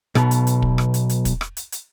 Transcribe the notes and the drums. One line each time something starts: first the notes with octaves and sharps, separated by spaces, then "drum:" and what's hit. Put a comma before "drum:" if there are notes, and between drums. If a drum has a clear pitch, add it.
B1 B2, drum: rim click
drum: hi-hat
drum: hi-hat
drum: kick
drum: rim click
drum: hi-hat
drum: hi-hat
drum: kick, hi-hat
drum: rim click
drum: hi-hat
drum: hi-hat